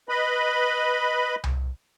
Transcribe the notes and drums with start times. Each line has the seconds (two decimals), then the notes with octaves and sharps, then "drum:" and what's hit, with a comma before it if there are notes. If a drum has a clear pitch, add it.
0.09 B4 D#5 B5
1.44 drum: tom C2